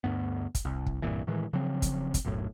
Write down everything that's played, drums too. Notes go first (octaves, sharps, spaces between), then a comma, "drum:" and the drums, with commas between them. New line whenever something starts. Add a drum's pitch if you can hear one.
D2 G2 B3
drum: kick, hi-hat
C2
drum: kick
C2 G2 A#2 E3
A2 D#3 E3 G#3
C#3 F3 F#3 C4
drum: kick, hi-hat
drum: kick, hi-hat
B1 F#2 A2